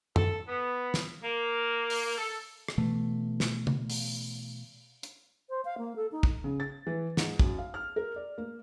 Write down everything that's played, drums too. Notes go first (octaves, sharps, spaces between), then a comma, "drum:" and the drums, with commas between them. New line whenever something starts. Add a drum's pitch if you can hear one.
A4, drum: tom
B3
drum: snare
A#3
drum: open hi-hat
A4
drum: rim click
B2 E3 A3
drum: snare
drum: tom
drum: open hi-hat
drum: hi-hat
C5
F5
A#3
A4
D#4
drum: kick
C#3
A6
E3
G#2, drum: snare
F#2, drum: kick
F5
F6
A#4
D5
A#3